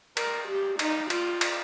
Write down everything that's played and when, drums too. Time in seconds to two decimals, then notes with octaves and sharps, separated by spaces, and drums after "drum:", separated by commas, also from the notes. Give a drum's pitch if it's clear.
0.17 A#4, drum: cymbal
0.48 G4
0.79 D#4, drum: cymbal
1.10 F4, drum: cymbal
1.41 drum: cymbal